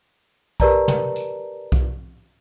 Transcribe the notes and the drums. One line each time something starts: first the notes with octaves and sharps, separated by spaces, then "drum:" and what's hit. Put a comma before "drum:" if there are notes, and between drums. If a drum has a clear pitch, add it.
G4 A#4 B4 D5 A5 A#5, drum: kick B1, tambourine
drum: tom
drum: tambourine
drum: kick B1, tambourine